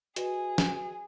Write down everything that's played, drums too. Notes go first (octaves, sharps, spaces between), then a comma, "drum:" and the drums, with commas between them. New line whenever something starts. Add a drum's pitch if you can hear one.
F#4 G#4 B4 D#5, drum: hi-hat
drum: snare